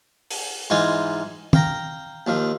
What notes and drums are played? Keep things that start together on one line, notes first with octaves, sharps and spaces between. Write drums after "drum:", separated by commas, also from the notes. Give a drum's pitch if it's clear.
drum: open hi-hat
G#2 E3 D#4 F4 G#5
F5 G5 A#5, drum: tom
D#2 F3